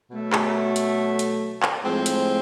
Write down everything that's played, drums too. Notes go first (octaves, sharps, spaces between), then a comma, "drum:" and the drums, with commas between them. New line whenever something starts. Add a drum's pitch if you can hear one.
B2 F#3 A3
drum: clap
drum: hi-hat
drum: hi-hat
drum: clap
A2 F3 G#3 C4
drum: hi-hat